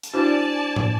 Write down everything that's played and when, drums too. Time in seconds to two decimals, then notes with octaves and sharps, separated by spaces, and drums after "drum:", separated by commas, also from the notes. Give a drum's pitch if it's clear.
0.03 drum: hi-hat
0.14 D4 E4 F#4 C5 D5 G#5 A5
0.76 drum: tom A2